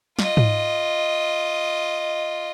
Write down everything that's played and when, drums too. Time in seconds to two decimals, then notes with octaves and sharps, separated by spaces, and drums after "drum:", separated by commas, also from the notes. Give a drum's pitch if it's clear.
0.19 F4 D#5, drum: snare
0.37 drum: tom G#2